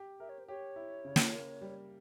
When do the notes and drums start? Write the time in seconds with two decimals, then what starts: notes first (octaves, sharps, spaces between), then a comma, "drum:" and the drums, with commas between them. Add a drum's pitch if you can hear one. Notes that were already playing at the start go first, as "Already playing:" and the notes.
Already playing: G4
0.20 A#4 E5
0.29 C#5
0.39 C5
0.47 G4 C#5
0.76 E4
1.05 C#3
1.16 drum: snare
1.33 A#3
1.61 G3